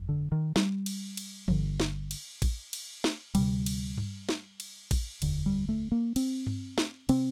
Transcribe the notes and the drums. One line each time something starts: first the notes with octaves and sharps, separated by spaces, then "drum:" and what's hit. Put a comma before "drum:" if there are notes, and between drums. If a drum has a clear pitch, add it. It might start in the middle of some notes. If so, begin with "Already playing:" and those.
Already playing: G1 F2
D3
D#3
G3, drum: snare
drum: cymbal
drum: cymbal
G1 G2 D3, drum: tom E3
drum: snare
drum: cymbal
drum: kick A1, cymbal
drum: cymbal
drum: snare
D2 C3 G3, drum: cymbal
drum: cymbal
drum: tom G2
drum: snare
drum: cymbal
drum: kick A1, cymbal
F1 D#2 D3, drum: cymbal
G3
A3
A#3
C4, drum: cymbal
drum: tom G2
drum: snare
C3 C4, drum: cymbal